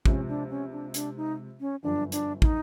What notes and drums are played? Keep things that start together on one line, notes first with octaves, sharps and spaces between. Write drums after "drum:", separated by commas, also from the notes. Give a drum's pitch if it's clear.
C#2 C3 F3 C#4, drum: kick
D4
C#4
D4
D4, drum: hi-hat
D#4
C#4
G1 F#2 D3 F3 D4
D4, drum: hi-hat
E4, drum: kick
D#4